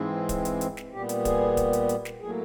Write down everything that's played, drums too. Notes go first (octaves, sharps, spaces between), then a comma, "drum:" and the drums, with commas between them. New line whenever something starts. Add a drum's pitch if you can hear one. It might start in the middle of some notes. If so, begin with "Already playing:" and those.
Already playing: G#2 E3 G#3 C4
drum: kick, hi-hat
drum: hi-hat
drum: hi-hat
drum: snare
A#2 G3 B3 G4
drum: hi-hat
G#4, drum: kick, hi-hat
drum: kick, hi-hat
drum: hi-hat
drum: hi-hat
drum: snare
A2 F#3 A#3 G#4